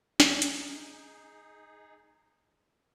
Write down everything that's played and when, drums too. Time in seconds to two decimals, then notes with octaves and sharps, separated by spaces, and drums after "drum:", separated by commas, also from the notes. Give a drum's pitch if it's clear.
0.20 D#4 G#4, drum: snare
0.42 drum: hi-hat